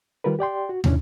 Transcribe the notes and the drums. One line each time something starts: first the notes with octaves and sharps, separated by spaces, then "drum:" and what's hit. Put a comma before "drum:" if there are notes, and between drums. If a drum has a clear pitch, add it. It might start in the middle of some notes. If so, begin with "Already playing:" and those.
D#3 G3 F4 A#4 B4
G4 D5 G5 C6
F#4
G#2 C3 C#4 D4 E4, drum: tom